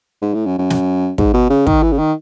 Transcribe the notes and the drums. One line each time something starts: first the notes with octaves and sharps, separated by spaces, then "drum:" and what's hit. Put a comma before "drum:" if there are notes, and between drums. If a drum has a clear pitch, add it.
G#2
A2
F#2
F#2
drum: snare
G#2, drum: kick
B2
C#3
D#3, drum: kick
E3
C#3
D#3